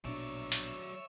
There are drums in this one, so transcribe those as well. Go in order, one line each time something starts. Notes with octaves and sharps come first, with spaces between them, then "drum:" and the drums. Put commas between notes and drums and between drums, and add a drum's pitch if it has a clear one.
A#1 B2 F#3 D4 C#5 D5 E5
drum: hi-hat